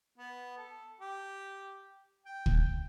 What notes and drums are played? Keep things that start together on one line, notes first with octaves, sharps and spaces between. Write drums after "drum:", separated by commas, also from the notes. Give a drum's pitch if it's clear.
B3
A4
G4
G5
drum: kick